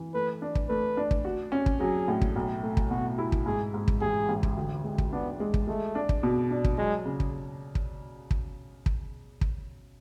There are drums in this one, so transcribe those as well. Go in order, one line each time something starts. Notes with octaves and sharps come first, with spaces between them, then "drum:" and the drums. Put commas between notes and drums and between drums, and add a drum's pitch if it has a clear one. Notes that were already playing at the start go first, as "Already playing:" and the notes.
Already playing: E3
A3 B4
D4
drum: kick
A3 B4
D4
drum: kick
F#4
C#4
drum: kick
F#3 G#4
A2
drum: kick
B1
A3
drum: kick
B2 F#4
E4
drum: kick
G#2 G#4
G#2
drum: kick
A1 G#4
A1
drum: kick
D2
G#3
drum: kick
B3 D4
G#3
drum: kick
G#3 A3
D4
drum: kick
B2
D4
drum: kick
F#3 G#3
C#3
drum: kick
drum: kick
drum: kick
drum: kick
drum: kick